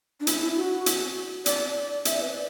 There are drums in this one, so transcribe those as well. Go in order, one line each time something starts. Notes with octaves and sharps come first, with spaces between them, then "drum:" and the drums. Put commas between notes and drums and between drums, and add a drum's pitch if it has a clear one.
D4
E4, drum: hi-hat
E4
F#4
drum: hi-hat
D5, drum: hi-hat
E5, drum: hi-hat
D5
B4
D5